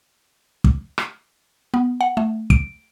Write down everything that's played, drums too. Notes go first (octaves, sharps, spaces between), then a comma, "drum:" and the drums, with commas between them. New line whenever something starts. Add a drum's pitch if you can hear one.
drum: kick
drum: rim click
B3
F#5
A3
D7, drum: kick